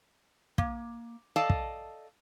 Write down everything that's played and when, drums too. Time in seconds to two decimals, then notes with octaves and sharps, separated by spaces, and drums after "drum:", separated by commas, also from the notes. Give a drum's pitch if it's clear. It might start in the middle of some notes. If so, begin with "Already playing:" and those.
0.58 A#3, drum: kick
1.36 A4 D5 D#5 F5 A5
1.50 drum: kick